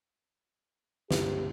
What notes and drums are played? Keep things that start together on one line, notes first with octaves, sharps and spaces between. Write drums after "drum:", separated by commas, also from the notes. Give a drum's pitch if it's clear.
G1 C#2 G4, drum: snare